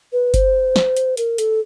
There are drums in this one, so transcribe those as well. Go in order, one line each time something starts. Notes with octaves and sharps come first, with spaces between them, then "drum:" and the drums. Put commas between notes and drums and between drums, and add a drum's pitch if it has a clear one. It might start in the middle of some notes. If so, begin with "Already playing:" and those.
B4
C5, drum: kick G1, hi-hat
drum: snare
drum: hi-hat
A#4, drum: hi-hat
A4, drum: hi-hat